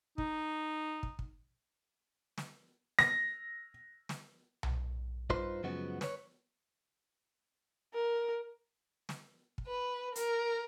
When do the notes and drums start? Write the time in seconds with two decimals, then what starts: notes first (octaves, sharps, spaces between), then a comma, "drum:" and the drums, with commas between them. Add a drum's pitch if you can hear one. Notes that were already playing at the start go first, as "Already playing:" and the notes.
0.18 D#4, drum: kick
1.03 drum: kick
1.19 drum: kick
2.38 drum: snare
2.99 A#6, drum: snare
4.09 drum: snare
4.63 drum: tom B1
5.30 G2 D#4 F4 B4 C5 C6, drum: kick
5.63 F#2 C#3 F3 G#3 B3 F#4
6.01 B4 C#5, drum: snare
7.94 A#4
9.09 drum: snare
9.58 drum: kick
9.67 B4
10.15 A#4, drum: hi-hat